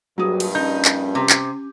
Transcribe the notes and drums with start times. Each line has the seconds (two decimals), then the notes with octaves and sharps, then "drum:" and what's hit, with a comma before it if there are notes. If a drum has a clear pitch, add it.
0.18 A#1 G2 F#3 G#4 D#6
0.40 drum: cymbal
0.55 C#4 D#4 G6
0.85 drum: clap
1.15 C3
1.30 drum: clap